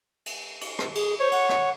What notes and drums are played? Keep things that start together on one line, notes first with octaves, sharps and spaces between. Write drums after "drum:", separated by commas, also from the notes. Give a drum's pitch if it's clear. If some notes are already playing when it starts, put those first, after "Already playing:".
drum: cymbal
drum: cymbal
drum: rim click
G#4, drum: cymbal
C5 C#5
F#5, drum: cymbal
drum: rim click